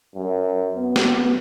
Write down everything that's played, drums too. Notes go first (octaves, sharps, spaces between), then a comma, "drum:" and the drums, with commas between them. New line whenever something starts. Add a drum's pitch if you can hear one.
F#2
B3
drum: snare